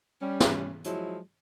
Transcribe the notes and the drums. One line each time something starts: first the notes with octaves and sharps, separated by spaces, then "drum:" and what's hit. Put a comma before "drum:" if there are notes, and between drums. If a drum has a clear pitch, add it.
G3 C#4
drum: snare
F3 F#3 G#3 E4, drum: hi-hat